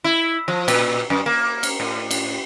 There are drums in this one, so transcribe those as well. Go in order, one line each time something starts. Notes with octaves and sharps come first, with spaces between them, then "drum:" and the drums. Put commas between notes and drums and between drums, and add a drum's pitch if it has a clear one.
E4
F3
A#2, drum: cymbal
F#2
A#3
drum: cymbal
A2
drum: cymbal